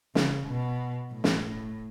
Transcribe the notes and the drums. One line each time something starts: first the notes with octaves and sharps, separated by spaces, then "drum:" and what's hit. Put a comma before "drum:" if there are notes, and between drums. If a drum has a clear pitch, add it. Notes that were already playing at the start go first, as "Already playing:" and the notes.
C#3, drum: snare
B2
A2
drum: snare